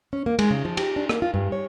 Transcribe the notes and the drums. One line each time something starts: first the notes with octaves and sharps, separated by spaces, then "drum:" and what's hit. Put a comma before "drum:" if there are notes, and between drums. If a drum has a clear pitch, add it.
C#4
A#3
G#3, drum: cymbal
C#3
F3
G4, drum: cymbal
D4
A#3, drum: rim click
F4
G2
C#5